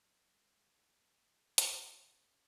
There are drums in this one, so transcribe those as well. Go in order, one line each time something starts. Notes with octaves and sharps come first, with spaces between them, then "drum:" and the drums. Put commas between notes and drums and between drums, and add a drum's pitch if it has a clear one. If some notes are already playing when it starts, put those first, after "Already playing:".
Already playing: F#3
G#3
A3
C#4, drum: hi-hat